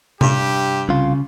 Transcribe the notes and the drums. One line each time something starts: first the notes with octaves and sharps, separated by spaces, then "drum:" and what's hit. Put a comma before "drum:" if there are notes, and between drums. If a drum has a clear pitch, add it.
G2 G4, drum: tom C3
C2 C#3 F4